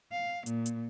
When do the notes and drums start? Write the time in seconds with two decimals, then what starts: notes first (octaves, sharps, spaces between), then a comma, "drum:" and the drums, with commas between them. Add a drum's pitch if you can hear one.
0.11 F5
0.46 A#2, drum: hi-hat
0.66 drum: hi-hat